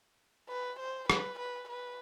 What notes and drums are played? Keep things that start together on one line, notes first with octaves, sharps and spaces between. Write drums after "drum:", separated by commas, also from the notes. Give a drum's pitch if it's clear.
B4
C5
B4, drum: rim click
B4
B4